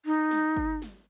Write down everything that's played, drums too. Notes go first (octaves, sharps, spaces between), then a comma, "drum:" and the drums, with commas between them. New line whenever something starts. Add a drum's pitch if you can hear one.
D#4
drum: snare
drum: kick G1
drum: snare